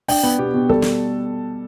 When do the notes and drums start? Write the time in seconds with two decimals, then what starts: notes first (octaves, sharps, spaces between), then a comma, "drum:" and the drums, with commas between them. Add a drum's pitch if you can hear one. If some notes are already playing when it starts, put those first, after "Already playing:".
0.08 D4 G5, drum: open hi-hat
0.23 B3
0.39 B2 G4
0.54 B2
0.69 G3 A4, drum: kick
0.82 drum: snare